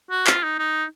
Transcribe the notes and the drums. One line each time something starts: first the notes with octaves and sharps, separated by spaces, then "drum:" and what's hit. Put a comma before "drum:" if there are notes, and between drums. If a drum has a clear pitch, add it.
F#4
F4, drum: clap
D#4
D#4